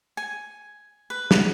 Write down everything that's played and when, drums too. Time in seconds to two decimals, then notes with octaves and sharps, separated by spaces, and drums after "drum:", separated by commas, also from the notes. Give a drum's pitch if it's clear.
0.17 G#5
1.10 B4
1.31 drum: snare